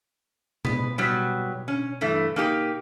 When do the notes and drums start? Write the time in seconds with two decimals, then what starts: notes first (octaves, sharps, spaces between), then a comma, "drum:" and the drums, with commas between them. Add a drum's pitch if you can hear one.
0.65 B3, drum: tom B2
0.98 F#3 G3 B3
1.68 C#4
2.01 G2 E3 A3
2.36 A#3 D#4 G4